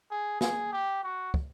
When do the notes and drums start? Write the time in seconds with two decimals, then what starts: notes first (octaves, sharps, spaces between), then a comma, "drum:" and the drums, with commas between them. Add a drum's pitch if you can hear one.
0.11 G#4
0.41 G#4, drum: snare
0.73 G4
1.03 F#4
1.34 drum: kick